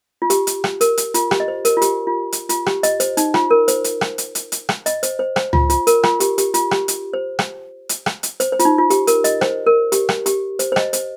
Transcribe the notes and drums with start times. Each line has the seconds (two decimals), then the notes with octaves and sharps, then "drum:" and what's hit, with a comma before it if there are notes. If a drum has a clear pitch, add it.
0.22 F4
0.30 G4, drum: hi-hat
0.47 drum: hi-hat
0.64 drum: rim click
0.81 A#4, drum: hi-hat
0.97 drum: hi-hat
1.14 F4, drum: hi-hat
1.31 G4, drum: rim click
1.40 D#5
1.48 C5
1.65 A#4, drum: hi-hat
1.77 F4
1.82 G4, drum: hi-hat
2.07 F4
2.32 drum: hi-hat
2.49 F4, drum: hi-hat
2.66 G4, drum: rim click
2.83 D#5, drum: hi-hat
3.00 C5, drum: hi-hat
3.17 D#4, drum: hi-hat
3.34 F4, drum: rim click
3.51 A#4
3.68 C5, drum: hi-hat
3.84 drum: hi-hat
4.01 drum: rim click
4.18 drum: hi-hat
4.35 drum: hi-hat
4.52 drum: hi-hat
4.69 drum: rim click
4.86 D#5, drum: hi-hat
5.03 C5, drum: hi-hat
5.19 C5
5.36 C5, drum: rim click
5.53 F4, drum: tom C#2
5.70 F4, drum: hi-hat
5.87 A#4, drum: hi-hat
6.03 F4, drum: rim click
6.20 G4, drum: hi-hat
6.38 G4, drum: hi-hat
6.54 F4, drum: hi-hat
6.71 G4, drum: rim click
6.88 drum: hi-hat
7.13 C5
7.39 drum: rim click
7.89 drum: hi-hat
8.06 drum: rim click
8.23 drum: hi-hat
8.40 C5, drum: hi-hat
8.52 C5
8.59 F4, drum: hi-hat
8.65 D#4
8.78 F4
8.90 G4, drum: hi-hat
9.07 A#4, drum: hi-hat
9.24 D#5, drum: hi-hat
9.41 C5, drum: rim click
9.67 A#4
9.92 G4, drum: hi-hat
10.09 drum: rim click
10.26 G4, drum: hi-hat
10.59 C5, drum: hi-hat
10.72 C5
10.76 D#5, drum: rim click
10.93 C5, drum: hi-hat